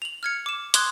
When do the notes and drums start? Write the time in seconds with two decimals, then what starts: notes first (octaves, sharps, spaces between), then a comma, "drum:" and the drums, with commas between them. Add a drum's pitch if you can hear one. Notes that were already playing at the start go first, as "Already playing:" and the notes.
0.02 F7 F#7
0.23 F6 G#6 C#7
0.46 D6 E7
0.74 C6 D6 D#6 F#6 G#6, drum: hi-hat